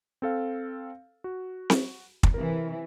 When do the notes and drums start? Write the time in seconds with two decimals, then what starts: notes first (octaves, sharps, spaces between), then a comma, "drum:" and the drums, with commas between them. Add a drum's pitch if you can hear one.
0.22 C4 A4 F5
1.24 F#4
1.70 drum: snare C4
2.23 drum: kick
2.34 C3 E3 A#4